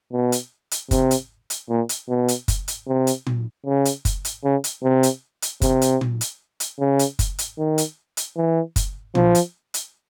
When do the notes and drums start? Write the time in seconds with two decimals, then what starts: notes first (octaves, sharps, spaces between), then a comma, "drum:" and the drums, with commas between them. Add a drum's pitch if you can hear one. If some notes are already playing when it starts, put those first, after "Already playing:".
0.13 B2
0.32 drum: hi-hat
0.71 drum: hi-hat
0.91 C3, drum: kick, hi-hat
1.11 drum: hi-hat
1.50 drum: hi-hat
1.69 A#2
1.89 drum: hi-hat
2.09 B2
2.28 drum: hi-hat
2.48 drum: kick, hi-hat
2.68 drum: hi-hat
2.87 C3
3.07 drum: hi-hat
3.26 drum: tom A#2
3.66 C#3
3.85 drum: hi-hat
4.05 drum: kick, hi-hat
4.25 drum: hi-hat
4.44 C#3
4.64 drum: hi-hat
4.83 C3
5.03 drum: hi-hat
5.42 drum: hi-hat
5.62 C3, drum: kick, hi-hat
5.82 drum: hi-hat
6.01 drum: tom A#2
6.21 drum: hi-hat
6.60 drum: hi-hat
6.80 C#3
6.99 drum: hi-hat
7.19 drum: kick, hi-hat
7.38 drum: hi-hat
7.58 D#3
7.78 drum: hi-hat
8.17 drum: hi-hat
8.37 E3
8.76 drum: kick, hi-hat
9.15 F3, drum: tom A#2
9.35 drum: hi-hat
9.74 drum: hi-hat